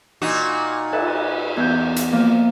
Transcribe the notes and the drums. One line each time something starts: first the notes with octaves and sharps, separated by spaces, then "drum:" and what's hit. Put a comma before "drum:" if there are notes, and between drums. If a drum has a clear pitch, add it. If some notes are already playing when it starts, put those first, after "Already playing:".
A#2 D#4 F#4
A4 B4 A5, drum: cymbal
E2 G6
drum: hi-hat
F3 A#3